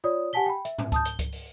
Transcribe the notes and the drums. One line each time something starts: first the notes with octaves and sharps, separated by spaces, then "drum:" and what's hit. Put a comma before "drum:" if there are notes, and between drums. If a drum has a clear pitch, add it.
F4 C#5 D5 D#6
G4 F#5 G#5 A5 B6 G7
G5 B5
E5, drum: hi-hat
drum: tom G#2
A5 D#6 G6, drum: kick C#2, hi-hat
G7, drum: hi-hat
drum: kick C#2, hi-hat
drum: open hi-hat